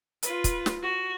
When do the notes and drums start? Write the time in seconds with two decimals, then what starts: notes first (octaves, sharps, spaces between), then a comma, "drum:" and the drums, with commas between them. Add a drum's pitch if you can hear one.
0.22 F4 B4, drum: hi-hat
0.44 drum: kick, hi-hat
0.66 drum: snare
0.83 F#4